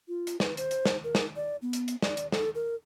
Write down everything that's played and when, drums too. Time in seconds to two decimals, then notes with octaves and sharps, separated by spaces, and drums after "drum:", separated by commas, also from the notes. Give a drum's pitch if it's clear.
0.08 F4
0.27 drum: hi-hat
0.40 B4, drum: snare
0.57 C5, drum: hi-hat
0.71 drum: hi-hat
0.85 drum: snare
1.04 A#4
1.15 drum: snare
1.36 D5
1.62 B3
1.73 drum: hi-hat
1.88 drum: hi-hat
2.02 D5, drum: snare
2.17 drum: hi-hat
2.32 A4, drum: snare
2.55 A#4